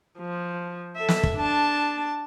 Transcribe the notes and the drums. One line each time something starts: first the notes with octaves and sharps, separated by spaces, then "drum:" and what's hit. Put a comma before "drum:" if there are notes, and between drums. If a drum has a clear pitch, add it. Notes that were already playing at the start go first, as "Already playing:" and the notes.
F3
A4 E5
drum: snare
drum: kick
D4 A5